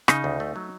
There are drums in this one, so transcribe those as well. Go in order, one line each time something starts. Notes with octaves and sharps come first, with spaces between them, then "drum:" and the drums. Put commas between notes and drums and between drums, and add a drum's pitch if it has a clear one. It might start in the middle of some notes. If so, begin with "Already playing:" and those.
C#3 D#4, drum: rim click
D2
A3
F#3